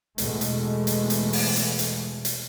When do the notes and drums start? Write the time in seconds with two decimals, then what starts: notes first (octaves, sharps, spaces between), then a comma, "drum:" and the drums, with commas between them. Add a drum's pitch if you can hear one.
0.18 E2 B2 G#3 A3, drum: hi-hat
0.41 drum: hi-hat
0.87 drum: hi-hat
1.10 drum: hi-hat
1.33 drum: open hi-hat
1.56 drum: hi-hat
1.79 drum: hi-hat
2.25 drum: hi-hat